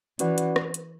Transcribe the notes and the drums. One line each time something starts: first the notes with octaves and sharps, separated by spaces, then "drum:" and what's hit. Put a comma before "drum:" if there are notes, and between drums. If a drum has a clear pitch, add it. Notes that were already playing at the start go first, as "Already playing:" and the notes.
E3 C#4 F#4 B4 D5 F#5, drum: hi-hat
drum: hi-hat
drum: rim click
drum: hi-hat